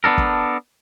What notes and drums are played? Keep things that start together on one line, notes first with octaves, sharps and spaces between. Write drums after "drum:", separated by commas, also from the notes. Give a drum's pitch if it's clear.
B3 D4 A4 A#4
drum: kick